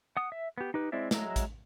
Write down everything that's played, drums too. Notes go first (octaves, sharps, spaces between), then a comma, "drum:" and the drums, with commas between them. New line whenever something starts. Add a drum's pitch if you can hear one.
F#5 D#6
E5
B3 G4
D#4 G4 B4
G#3 C4 E4 D5 E5
F#3 G#3 E5 A#5, drum: snare
drum: kick A1, hi-hat